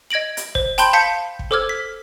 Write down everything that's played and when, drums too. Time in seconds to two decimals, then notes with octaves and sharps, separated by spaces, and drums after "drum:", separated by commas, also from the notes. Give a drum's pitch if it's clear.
0.10 D#5 G#6 A#6 D7 F#7
0.37 drum: hi-hat
0.55 C5, drum: kick
0.78 G5 A5 B5 C6 G6, drum: hi-hat
0.93 F5 A5 G6 B6 C#7
1.39 drum: kick
1.51 A4 C5 D6 E6 F6 G#6
1.69 B6